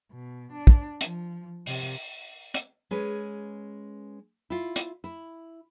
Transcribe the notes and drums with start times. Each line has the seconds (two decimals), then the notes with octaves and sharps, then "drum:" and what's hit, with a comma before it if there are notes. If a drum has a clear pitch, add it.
0.11 B2
0.52 D4
0.67 drum: kick
1.01 F3, drum: hi-hat
1.66 C3, drum: open hi-hat
2.54 drum: hi-hat
2.91 G#3 C#4 B4
4.50 E4 F4
4.76 drum: hi-hat
5.04 E4